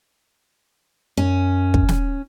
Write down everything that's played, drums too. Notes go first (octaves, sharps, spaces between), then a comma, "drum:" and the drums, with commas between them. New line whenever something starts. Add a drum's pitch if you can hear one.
F#2 C#4
drum: kick
drum: snare